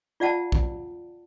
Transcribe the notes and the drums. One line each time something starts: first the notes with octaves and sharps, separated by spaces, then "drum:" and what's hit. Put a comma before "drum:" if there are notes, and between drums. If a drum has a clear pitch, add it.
F4 D5 F5 F#5 A5
drum: kick